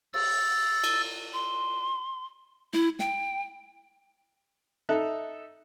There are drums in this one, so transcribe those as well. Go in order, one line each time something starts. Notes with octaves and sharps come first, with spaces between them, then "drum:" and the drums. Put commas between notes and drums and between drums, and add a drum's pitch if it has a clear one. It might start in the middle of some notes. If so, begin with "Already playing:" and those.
E6 A6, drum: cymbal
drum: cymbal
C6
E4, drum: snare
G5, drum: snare
D#4 A4 E5 F#6